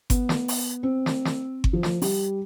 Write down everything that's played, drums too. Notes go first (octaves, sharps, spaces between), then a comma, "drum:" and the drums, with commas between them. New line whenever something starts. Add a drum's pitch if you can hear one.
B3, drum: kick G1, hi-hat
drum: snare
drum: open hi-hat
C4
drum: snare
drum: snare
drum: kick G1
F3
drum: snare
G3, drum: open hi-hat